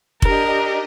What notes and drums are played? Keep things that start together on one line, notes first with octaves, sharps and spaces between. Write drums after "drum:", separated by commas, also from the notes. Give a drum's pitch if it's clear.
D4 G4 A#4 D#5, drum: kick F1